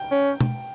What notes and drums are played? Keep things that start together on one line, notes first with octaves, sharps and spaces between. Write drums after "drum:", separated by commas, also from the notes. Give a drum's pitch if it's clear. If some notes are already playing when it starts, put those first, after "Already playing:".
Already playing: G5
C#4
drum: tom B2